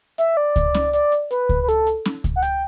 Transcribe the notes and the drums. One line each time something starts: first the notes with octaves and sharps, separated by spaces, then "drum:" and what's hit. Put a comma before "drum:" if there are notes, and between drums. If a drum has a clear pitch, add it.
E5, drum: hi-hat
D5
drum: kick C#2, hi-hat
drum: snare
D5, drum: hi-hat
drum: hi-hat
B4, drum: hi-hat
drum: kick C#2
B4
A4, drum: hi-hat
drum: hi-hat
drum: snare
drum: kick C#2, hi-hat
F#5
G5, drum: hi-hat